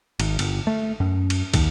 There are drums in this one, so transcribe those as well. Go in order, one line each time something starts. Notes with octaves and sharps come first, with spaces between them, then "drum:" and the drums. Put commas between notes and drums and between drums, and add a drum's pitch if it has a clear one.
G#1, drum: cymbal
G1, drum: cymbal
A3
F#2
drum: cymbal
D#2, drum: kick, cymbal